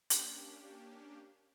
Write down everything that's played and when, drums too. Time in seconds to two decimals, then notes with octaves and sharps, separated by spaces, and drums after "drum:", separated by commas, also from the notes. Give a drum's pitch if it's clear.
0.10 A#3 C#4 D4 G4, drum: hi-hat